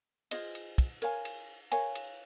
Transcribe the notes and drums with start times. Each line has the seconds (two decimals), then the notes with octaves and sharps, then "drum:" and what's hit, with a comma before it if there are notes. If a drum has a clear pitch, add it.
0.31 F4 G#4 C5 D#5, drum: cymbal
0.55 drum: cymbal
0.78 drum: kick, cymbal
1.02 A#4 C#5 F5 G#5, drum: cymbal
1.25 drum: cymbal
1.72 A#4 C#5 F5 G#5, drum: cymbal
1.95 drum: cymbal